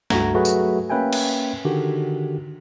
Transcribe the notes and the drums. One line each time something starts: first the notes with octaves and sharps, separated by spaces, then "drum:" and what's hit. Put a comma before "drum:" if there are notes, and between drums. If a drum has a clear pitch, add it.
C#2 G2 A3 F#4 A#5 G#6, drum: snare
F#3 A3 F#4 G#4 B4
drum: tambourine
A#3 C#4 B4 E5 G5 G#5
drum: cymbal
D3 D#3 F#4 G4